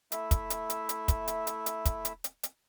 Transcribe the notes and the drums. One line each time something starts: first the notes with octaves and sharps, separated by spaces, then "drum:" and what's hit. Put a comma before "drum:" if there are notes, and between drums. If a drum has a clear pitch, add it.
A3 E4 E5, drum: hi-hat
drum: kick, hi-hat
drum: hi-hat
drum: hi-hat
drum: hi-hat
drum: kick, hi-hat
drum: hi-hat
drum: hi-hat
drum: hi-hat
drum: kick, hi-hat
drum: hi-hat
drum: hi-hat
drum: hi-hat